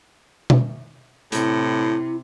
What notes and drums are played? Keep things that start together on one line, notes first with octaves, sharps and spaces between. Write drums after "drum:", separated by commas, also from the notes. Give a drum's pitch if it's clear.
drum: tom B2
A2 C3 E4, drum: hi-hat